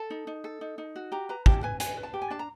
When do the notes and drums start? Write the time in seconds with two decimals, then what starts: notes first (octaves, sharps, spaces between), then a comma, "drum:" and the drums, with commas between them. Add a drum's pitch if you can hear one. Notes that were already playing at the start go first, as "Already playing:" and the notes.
Already playing: A4 A5
0.10 D#4
0.27 D#4
0.44 A4
0.61 D#4
0.78 D#4
0.96 F#4
1.12 G4 A#5
1.29 B4 A#5
1.46 G4 A5, drum: kick
1.63 B4 G#5
1.80 B4 G#5, drum: hi-hat
1.97 B4
2.03 A5
2.14 G4
2.22 G#5
2.30 D4 A5
2.39 A#5